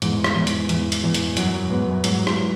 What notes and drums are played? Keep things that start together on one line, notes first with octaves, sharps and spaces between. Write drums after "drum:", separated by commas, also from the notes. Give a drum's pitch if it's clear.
E2 G#2, drum: hi-hat
drum: rim click
E2
drum: hi-hat
E2, drum: hi-hat
drum: hi-hat
E2
drum: hi-hat
F#2 F#3, drum: hi-hat
F#2
G#2 B3
F#2
G#2 F#3, drum: hi-hat
drum: rim click